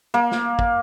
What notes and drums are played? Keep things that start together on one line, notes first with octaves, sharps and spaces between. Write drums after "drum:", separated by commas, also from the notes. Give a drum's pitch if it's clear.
A#3
drum: snare
drum: kick